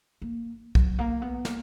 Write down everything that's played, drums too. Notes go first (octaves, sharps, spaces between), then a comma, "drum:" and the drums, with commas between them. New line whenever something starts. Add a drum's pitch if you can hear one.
A#3
F#3, drum: kick B1
A#3
B3
A#3, drum: snare